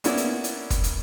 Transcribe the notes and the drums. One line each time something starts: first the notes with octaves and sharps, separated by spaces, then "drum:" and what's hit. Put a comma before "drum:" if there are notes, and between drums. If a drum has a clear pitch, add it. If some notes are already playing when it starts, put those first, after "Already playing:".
A#3 B3 C#4 E4 D5, drum: hi-hat
drum: hi-hat
drum: hi-hat
drum: kick, hi-hat
drum: hi-hat